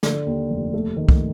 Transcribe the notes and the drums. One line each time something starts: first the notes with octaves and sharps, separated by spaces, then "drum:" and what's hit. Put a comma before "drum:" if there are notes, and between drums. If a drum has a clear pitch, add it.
D3, drum: snare
D#2
F1
A3
D#3
drum: kick